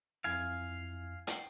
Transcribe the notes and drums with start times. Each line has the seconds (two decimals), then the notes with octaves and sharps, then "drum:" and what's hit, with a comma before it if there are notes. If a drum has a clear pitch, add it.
0.24 F2 E4 F5 G#5
1.27 F#5 G5 C7, drum: hi-hat